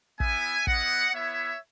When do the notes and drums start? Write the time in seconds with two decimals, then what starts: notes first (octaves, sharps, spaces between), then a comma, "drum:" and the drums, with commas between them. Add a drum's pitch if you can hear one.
0.20 B3 E4 E5 G#5, drum: kick
0.67 B3 E4 D#5 F#5, drum: kick
1.14 B3 E4 C#5 E5